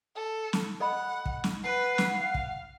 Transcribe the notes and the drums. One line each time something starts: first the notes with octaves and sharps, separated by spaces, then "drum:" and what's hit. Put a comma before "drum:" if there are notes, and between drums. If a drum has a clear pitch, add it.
A4
drum: snare
A4 D#5 F#5 B5
drum: kick
drum: snare
B4 F#5 C7
drum: snare
F5
drum: kick